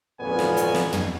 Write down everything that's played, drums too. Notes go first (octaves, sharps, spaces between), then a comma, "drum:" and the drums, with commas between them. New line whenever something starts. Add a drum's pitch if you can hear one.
G#1 F2 A#2 C#3 B3 G#5
drum: snare
drum: hi-hat
drum: snare
drum: tom